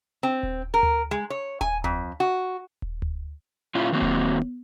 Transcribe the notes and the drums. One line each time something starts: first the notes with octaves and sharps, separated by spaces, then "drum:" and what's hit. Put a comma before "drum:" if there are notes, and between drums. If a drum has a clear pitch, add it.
C4
drum: kick D#1
A#4
drum: tom D2
G#3
C#5
G#5, drum: kick D#1
F2, drum: tom D2
F#4
drum: kick D#1
drum: tom D2
A#2 C#4 E4 F4
D#3 F#3 A#3 C4
drum: kick D#1
drum: tom